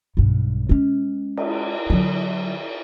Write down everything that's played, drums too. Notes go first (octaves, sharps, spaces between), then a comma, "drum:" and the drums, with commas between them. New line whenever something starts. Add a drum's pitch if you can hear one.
B1 G2
G#3 C#4
drum: cymbal
D3 F#3